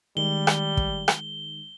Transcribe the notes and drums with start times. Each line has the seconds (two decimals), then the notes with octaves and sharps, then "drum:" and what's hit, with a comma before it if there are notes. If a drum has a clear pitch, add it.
0.17 D#3 G3 G#3 G7
0.47 drum: rim click
0.77 drum: kick
1.08 drum: rim click